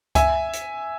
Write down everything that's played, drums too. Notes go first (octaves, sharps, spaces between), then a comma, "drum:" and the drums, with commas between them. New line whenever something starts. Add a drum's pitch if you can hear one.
E5 G#5, drum: kick C#2, hi-hat
drum: hi-hat